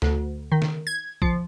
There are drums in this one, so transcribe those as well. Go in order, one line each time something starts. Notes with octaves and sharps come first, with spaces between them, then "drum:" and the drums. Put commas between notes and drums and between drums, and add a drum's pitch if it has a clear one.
D2, drum: snare
D#3
drum: snare
G#6
F3, drum: kick A#1